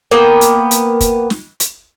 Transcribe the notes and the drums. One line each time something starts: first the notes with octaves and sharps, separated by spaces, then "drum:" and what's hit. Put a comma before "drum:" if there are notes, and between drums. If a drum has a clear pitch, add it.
A#3 B3 G5
drum: hi-hat
drum: hi-hat
drum: kick, hi-hat
drum: snare
drum: hi-hat